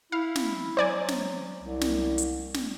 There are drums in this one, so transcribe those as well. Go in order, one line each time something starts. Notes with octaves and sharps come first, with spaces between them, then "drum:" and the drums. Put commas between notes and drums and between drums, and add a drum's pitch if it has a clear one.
E4 F5
drum: snare
F#3 C5 D5 G#5
drum: snare
C2
drum: snare
drum: hi-hat
drum: snare